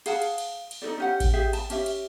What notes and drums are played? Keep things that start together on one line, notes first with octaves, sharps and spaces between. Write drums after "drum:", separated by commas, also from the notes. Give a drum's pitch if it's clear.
G#4 F5 F#5 A5, drum: cymbal
drum: cymbal
drum: cymbal
drum: cymbal
D#4 F#4 A4 D5
C#4 G4 F#5
drum: kick A1, cymbal
G4 G#4 E5 G5
A5, drum: cymbal
C#4 G4 E5, drum: cymbal
drum: cymbal